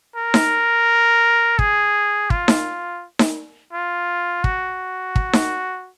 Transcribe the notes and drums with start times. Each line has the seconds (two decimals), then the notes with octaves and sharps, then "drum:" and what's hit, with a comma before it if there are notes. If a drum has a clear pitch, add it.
0.16 A#4
0.34 drum: snare D#4
1.59 G#4, drum: kick
2.30 F4, drum: kick
2.48 drum: snare D#4
3.19 drum: snare D#4
3.73 F4
4.44 F#4, drum: kick
5.16 drum: kick
5.33 drum: snare D#4